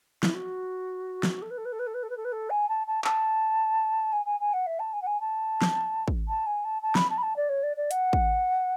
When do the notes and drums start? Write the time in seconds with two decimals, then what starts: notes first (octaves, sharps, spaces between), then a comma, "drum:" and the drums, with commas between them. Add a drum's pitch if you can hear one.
0.23 E4, drum: snare
0.34 F#4
1.23 drum: snare
1.42 A4
1.51 B4
1.57 A4
1.65 B4
1.72 A4
1.79 B4
1.87 A4
1.94 B4
2.03 A4
2.10 B4
2.17 A4
2.25 B4
2.32 A4
2.50 G#5
2.69 A5
2.87 A5
3.04 A5, drum: clap
4.12 G#5
4.25 G#5
4.40 G#5
4.53 F#5
4.66 E5
4.79 A5
4.93 G#5
5.02 F#5
5.06 G#5
5.20 A5
5.62 drum: snare
6.08 drum: kick
6.28 A5
6.46 G#5
6.64 A5
6.82 A5
6.95 B5, drum: snare
7.10 A5
7.18 B5
7.22 A5
7.36 D5
7.49 C#5
7.63 D5
7.77 D5
7.91 F#5, drum: hi-hat
8.13 drum: kick